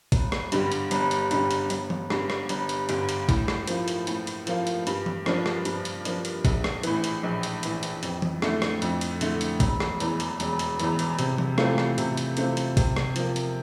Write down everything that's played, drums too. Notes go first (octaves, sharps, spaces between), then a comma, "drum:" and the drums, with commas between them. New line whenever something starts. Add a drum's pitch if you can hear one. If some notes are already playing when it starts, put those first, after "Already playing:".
G1, drum: kick, hi-hat
drum: rim click
G2 D3 G3, drum: hi-hat
drum: hi-hat
G1, drum: hi-hat
drum: hi-hat
G2 D3 G3, drum: hi-hat
drum: hi-hat
G1, drum: hi-hat
drum: tom E3
G2 D3, drum: rim click
drum: rim click
G1, drum: hi-hat
drum: hi-hat
G2 D3, drum: hi-hat
drum: hi-hat
A2, drum: kick, hi-hat
drum: rim click
F3 A#3 F4, drum: hi-hat
drum: hi-hat
A2, drum: hi-hat
drum: hi-hat
F3 A#3 F4, drum: hi-hat
drum: hi-hat
G2, drum: hi-hat
drum: tom E3
F3 A#3 D4, drum: rim click
drum: rim click
G2, drum: hi-hat
drum: hi-hat
F3 A#3 D4, drum: hi-hat
drum: hi-hat
A#1, drum: kick, hi-hat
drum: rim click
A2 E3, drum: hi-hat
drum: hi-hat
A#1
drum: hi-hat
A2 E3, drum: hi-hat
drum: hi-hat
F2, drum: hi-hat
drum: tom E3
D3 A3 E4, drum: rim click
drum: rim click
F2, drum: hi-hat
drum: hi-hat
D3 A3 E4, drum: hi-hat
drum: hi-hat
E1, drum: kick, hi-hat
drum: rim click
E2 E3, drum: hi-hat
drum: hi-hat
E1, drum: hi-hat
drum: hi-hat
E2 E3, drum: hi-hat
drum: hi-hat
C3, drum: hi-hat
drum: tom E3
E3 A3 C4 F4, drum: rim click
drum: rim click
C3, drum: hi-hat
drum: hi-hat
E3 A3 C4 F4, drum: hi-hat
drum: hi-hat
C3, drum: kick, hi-hat
drum: rim click
F3 A#3, drum: hi-hat
drum: hi-hat